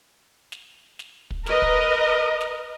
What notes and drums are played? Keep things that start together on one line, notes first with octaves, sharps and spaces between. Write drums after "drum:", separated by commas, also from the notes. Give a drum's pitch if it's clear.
drum: snare
drum: snare
drum: kick
A#4 B4 D#5, drum: snare
drum: kick
drum: snare